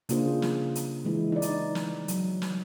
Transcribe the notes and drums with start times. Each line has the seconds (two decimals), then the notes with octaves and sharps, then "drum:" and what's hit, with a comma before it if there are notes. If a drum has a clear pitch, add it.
0.09 C#3 A#3 D4 F4 G#4 C5, drum: hi-hat
0.42 drum: snare
0.75 drum: hi-hat
1.05 E3 G#3 E4
1.32 D#4 D5
1.42 drum: hi-hat
1.75 drum: snare
2.08 F#3, drum: hi-hat
2.42 drum: snare